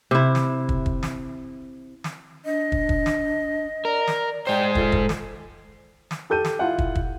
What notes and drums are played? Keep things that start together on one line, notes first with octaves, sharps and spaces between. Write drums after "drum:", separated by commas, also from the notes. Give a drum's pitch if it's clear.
C3 E4
drum: snare
drum: kick
drum: kick
drum: snare
drum: snare
D4 D#5
drum: kick
drum: kick
drum: snare
A#4 D5
drum: snare
G#3 C5 D5 G5
F4 A4, drum: kick
drum: kick
drum: snare
drum: snare
G4 A4 G6 D#7
drum: snare
E4 F4 F#5
drum: kick
drum: kick